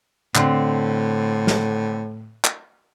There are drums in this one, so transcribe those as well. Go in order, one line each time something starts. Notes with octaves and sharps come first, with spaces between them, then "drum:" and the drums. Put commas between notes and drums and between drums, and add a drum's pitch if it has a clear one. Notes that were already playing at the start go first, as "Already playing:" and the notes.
A2 D3 C4, drum: clap
drum: snare
drum: clap